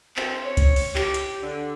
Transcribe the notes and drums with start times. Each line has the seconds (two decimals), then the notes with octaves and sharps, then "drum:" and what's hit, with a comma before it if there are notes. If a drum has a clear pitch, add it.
0.16 C4, drum: clap
0.46 C#5
0.57 drum: kick C#2, hi-hat
0.76 drum: open hi-hat
0.95 G4, drum: clap
1.14 drum: hi-hat
1.41 D3